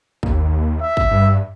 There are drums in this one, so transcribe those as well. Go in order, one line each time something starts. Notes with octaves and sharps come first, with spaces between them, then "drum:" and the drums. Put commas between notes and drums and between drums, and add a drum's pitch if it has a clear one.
D#2, drum: kick
E5
drum: kick
G2